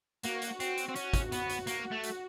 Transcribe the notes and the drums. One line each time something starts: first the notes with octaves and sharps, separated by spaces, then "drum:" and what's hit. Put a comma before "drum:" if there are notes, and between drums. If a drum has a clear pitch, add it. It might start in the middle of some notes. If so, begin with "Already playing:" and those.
A#3 F#4, drum: hi-hat
drum: hi-hat
C4, drum: hi-hat
drum: hi-hat
C4
C#4, drum: hi-hat
drum: kick, hi-hat
B3, drum: hi-hat
drum: hi-hat
A#3, drum: hi-hat
A3
drum: hi-hat